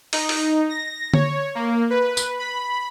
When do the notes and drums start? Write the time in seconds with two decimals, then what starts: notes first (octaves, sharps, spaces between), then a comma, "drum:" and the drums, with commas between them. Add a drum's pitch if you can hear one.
0.13 D#4, drum: open hi-hat
0.29 drum: open hi-hat
0.69 A#6
1.14 C#5, drum: tom D3
1.55 A#3
1.90 B4
2.17 drum: tambourine
2.39 B5